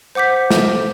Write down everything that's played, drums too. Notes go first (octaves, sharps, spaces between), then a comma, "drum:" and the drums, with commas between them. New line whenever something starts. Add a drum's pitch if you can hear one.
C5 F#5 D6 G6 B6
drum: snare